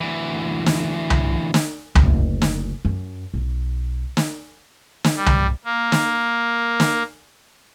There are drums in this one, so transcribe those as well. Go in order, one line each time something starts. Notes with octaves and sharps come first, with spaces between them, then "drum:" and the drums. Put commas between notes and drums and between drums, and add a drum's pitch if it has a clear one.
D2 E3
drum: snare
drum: tom C2
drum: snare
F#1 D2, drum: tom C2
drum: snare
F#2
B1
drum: snare
drum: snare
G3
drum: tom C2
A#3
drum: snare
drum: snare